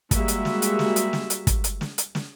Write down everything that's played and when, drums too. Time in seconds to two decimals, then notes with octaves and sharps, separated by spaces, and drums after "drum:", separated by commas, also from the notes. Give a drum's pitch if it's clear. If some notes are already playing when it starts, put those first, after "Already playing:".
0.11 G3 G#3 A#3 F#4 E5, drum: kick, hi-hat
0.28 drum: hi-hat
0.45 drum: snare
0.62 drum: hi-hat
0.79 drum: snare
0.96 drum: hi-hat
1.13 drum: snare
1.30 drum: hi-hat
1.47 drum: kick, hi-hat
1.64 drum: hi-hat
1.81 drum: snare
1.98 drum: hi-hat
2.15 drum: snare